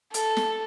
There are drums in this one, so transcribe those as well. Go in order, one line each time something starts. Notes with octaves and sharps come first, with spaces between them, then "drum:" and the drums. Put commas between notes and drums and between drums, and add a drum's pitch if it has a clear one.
A4, drum: hi-hat
drum: snare